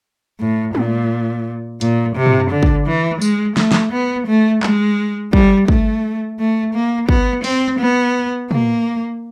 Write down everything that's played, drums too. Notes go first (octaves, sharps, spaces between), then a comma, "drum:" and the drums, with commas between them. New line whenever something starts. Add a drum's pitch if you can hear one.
A2
A#2, drum: tom
A#2, drum: hi-hat
C3
drum: tom
D3
drum: kick
E3
G#3, drum: tambourine
A3, drum: snare
drum: snare
B3
A3
G#3, drum: clap
G3, drum: kick
A3, drum: kick
A3
A#3
B3, drum: kick
C4, drum: open hi-hat
B3
A#3, drum: tom